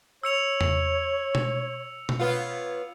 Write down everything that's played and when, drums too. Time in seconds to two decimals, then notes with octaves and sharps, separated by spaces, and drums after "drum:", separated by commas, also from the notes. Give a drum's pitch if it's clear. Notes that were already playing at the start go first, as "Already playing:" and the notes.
0.23 C#5 E6 C#7 F7
0.61 drum: tom E2
1.35 drum: tom B2
2.09 drum: tom B2
2.19 B3 F4 C#5